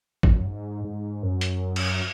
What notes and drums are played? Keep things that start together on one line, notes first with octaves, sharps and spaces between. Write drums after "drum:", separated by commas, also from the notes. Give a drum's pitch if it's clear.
E2, drum: kick
F#2
G#2
G#2
F#2
drum: hi-hat
drum: cymbal